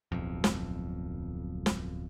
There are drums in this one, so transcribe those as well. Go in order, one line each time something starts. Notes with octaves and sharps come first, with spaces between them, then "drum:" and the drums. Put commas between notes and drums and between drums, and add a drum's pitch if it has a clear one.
D1 B1 F2
drum: snare
drum: snare